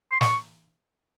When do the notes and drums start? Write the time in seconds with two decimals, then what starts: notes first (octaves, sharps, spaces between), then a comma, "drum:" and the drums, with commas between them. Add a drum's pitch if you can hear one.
0.12 C6
0.21 C#6, drum: snare